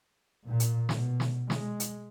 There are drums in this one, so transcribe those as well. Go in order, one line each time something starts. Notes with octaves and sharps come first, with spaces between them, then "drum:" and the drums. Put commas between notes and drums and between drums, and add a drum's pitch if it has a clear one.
A#2
drum: hi-hat
B2, drum: snare
drum: snare
G#3, drum: snare
drum: hi-hat